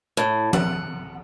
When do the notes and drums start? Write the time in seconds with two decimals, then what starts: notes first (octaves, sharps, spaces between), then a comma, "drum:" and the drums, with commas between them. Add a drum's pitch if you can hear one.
0.17 A2
0.53 F#5, drum: tom F3